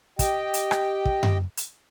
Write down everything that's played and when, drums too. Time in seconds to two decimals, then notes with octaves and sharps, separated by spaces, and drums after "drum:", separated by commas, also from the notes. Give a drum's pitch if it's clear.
0.19 G4 D#5 G5, drum: kick, hi-hat
0.54 drum: hi-hat
0.71 drum: rim click
1.05 drum: kick
1.23 drum: tom F#2
1.57 drum: hi-hat